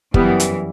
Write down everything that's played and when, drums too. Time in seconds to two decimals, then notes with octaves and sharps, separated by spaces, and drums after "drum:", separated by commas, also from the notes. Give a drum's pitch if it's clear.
0.14 F#2 E3 G3 B3, drum: kick
0.40 drum: hi-hat